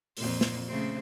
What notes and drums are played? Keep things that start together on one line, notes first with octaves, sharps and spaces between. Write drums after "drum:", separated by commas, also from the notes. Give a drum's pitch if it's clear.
F2 A#2, drum: open hi-hat
drum: snare
C#3 A3 C4